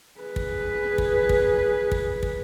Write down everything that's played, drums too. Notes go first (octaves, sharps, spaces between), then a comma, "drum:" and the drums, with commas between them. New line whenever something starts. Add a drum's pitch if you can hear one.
G#4 B4
drum: kick
drum: kick
drum: kick
drum: kick
drum: kick